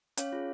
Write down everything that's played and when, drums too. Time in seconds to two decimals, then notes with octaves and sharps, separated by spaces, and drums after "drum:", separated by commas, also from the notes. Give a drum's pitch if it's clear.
0.17 C#4 C#5 F5, drum: hi-hat
0.33 F4 G#4